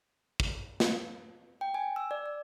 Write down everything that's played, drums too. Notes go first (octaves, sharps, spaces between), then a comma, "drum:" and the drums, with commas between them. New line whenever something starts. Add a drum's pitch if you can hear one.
drum: kick
drum: snare
G5
G#5
E6
D5
D5